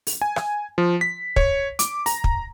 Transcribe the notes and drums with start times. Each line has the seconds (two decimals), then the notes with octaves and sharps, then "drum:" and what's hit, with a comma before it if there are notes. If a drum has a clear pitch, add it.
0.07 drum: open hi-hat
0.21 G#5
0.36 drum: rim click
0.78 F3
1.01 B6
1.36 C#5, drum: kick
1.79 D6, drum: hi-hat
2.06 A#5, drum: open hi-hat
2.24 drum: kick